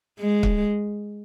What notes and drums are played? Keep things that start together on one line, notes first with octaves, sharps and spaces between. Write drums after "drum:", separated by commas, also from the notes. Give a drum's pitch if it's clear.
G#3
drum: kick